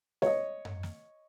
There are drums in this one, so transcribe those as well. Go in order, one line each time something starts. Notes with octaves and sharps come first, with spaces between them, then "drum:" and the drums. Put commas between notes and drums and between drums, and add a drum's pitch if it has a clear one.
C#5 D#5, drum: snare
drum: tom F#2
drum: snare